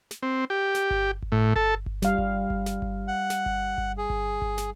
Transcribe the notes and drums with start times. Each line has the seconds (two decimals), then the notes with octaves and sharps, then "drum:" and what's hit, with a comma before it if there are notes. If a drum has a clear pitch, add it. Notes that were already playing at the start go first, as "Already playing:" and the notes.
0.11 drum: snare
0.23 C4
0.50 G4
0.75 drum: snare
0.91 drum: kick G1
1.22 drum: kick G1
1.32 A2
1.56 A4, drum: kick G1
1.86 drum: kick G1
2.02 G3 F5, drum: snare
2.18 drum: kick G1
2.50 drum: kick G1
2.66 drum: snare
2.82 drum: kick G1
3.08 F#5
3.30 drum: snare
3.46 drum: kick G1
3.78 drum: kick G1
3.98 G#4
4.10 drum: kick G1
4.42 drum: kick G1
4.58 drum: snare